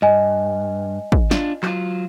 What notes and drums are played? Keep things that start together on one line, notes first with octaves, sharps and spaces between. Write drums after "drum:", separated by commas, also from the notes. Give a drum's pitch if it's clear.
G2 D#5 G#5
drum: kick
D4 F4, drum: snare
F#3 F4, drum: clap